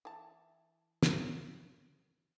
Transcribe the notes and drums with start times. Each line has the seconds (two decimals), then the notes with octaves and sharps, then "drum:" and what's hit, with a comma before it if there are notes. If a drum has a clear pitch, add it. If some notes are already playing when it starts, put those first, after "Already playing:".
0.05 E3 A5
1.03 drum: snare